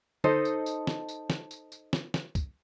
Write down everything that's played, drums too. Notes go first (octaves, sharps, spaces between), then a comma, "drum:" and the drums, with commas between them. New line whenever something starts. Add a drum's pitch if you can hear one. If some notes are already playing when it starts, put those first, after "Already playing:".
D#4 A4 C5 D#5, drum: tom D3
drum: tambourine
drum: tambourine
drum: snare
drum: tambourine
drum: snare
drum: tambourine
drum: tambourine
drum: snare
drum: snare
drum: kick C2, tambourine